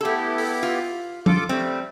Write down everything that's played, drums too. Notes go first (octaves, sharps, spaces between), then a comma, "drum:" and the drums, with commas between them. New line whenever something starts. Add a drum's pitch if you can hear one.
A3 B3 E4 G4 A4
drum: open hi-hat
F4
F4 A4 D6, drum: tom F3
G3 A3 C4